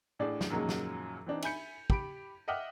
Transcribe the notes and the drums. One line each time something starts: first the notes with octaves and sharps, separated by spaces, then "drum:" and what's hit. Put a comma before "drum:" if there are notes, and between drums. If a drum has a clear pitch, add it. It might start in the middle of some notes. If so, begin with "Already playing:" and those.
A1 A2 D4 G#4 D5
drum: snare
F#2 A#2 D#3 F3 F#3 G#3
drum: snare
E3 C4 D4 D#4
E5 G#5 B5 G6 C#7, drum: cymbal
G4 B5 D7, drum: kick
D#5 E5 F#5 G5 D6 F6